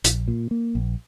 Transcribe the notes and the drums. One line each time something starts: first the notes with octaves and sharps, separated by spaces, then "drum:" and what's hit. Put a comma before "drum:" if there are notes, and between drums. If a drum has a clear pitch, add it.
A#1, drum: hi-hat
A#2
A#3
A#1